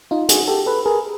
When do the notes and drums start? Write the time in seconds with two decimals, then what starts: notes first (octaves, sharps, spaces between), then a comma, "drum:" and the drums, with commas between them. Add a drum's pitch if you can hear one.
0.11 D#4 F4
0.29 F#4 G#4, drum: hi-hat
0.48 G4 A4
0.66 A4 B4
0.86 G#4 A#4